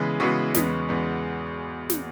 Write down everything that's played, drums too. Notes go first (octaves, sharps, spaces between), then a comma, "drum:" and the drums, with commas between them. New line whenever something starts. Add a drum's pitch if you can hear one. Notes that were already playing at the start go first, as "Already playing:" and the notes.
Already playing: C#3 E3 G#3 B3
C#3 E3 G#3 B3 F#4
E2 C#3 G#3 B3, drum: snare
E2 C#3 G#3 B3
drum: snare